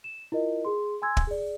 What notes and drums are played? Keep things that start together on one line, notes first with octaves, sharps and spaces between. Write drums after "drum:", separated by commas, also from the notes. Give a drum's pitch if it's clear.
E7
E4 F4 A#4 D#5
G#4 C6
G#5 C6 E6 G#6
drum: kick
G#4 D5